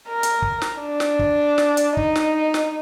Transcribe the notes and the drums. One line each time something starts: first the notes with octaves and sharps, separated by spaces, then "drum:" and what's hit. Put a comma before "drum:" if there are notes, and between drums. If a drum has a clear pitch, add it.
A#4
drum: hi-hat
drum: kick
drum: snare
D4
drum: snare
drum: kick
drum: snare
drum: hi-hat
D#4, drum: kick
drum: snare
drum: snare